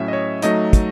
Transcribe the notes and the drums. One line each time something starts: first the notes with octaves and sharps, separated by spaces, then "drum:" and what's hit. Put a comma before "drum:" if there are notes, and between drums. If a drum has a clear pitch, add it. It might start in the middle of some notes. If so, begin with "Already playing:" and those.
Already playing: A2 F#3 C#4 E5
D#5
C#5
F#3 A3 D#4 D#5, drum: hi-hat
drum: kick, hi-hat